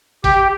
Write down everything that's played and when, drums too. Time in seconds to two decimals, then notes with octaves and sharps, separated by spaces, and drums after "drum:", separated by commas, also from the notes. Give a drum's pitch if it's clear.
0.24 G4, drum: kick A1, hi-hat